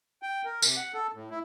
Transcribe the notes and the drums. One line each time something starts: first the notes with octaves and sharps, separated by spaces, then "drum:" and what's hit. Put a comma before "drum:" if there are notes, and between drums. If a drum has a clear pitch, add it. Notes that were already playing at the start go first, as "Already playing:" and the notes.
G5
A#4
C3, drum: tambourine
F#5
A4
A2
E4